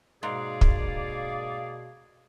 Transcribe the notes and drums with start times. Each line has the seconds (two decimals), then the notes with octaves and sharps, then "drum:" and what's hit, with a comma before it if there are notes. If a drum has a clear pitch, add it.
0.23 G#2 B2 A#3 G#4 D5 F5
0.61 drum: kick